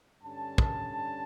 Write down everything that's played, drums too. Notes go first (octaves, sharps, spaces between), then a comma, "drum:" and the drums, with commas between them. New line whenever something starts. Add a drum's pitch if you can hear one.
G2 D3 G3 C#4 A5
drum: kick